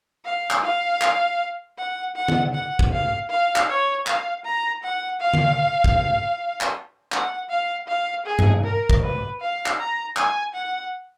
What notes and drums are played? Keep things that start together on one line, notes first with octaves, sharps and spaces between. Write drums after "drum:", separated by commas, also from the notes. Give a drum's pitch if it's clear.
F5
drum: clap
F5
drum: clap
F#5
F#5
drum: tom D3
F#5
drum: kick
F5
F5
drum: clap
C#5
F5, drum: clap
A#5
F#5
F5
drum: tom D3
drum: kick
drum: clap
F#5, drum: clap
F5
F5
G#4
drum: tom G2
A#4
drum: kick
B4
F5
drum: clap
A#5
G#5, drum: clap
F#5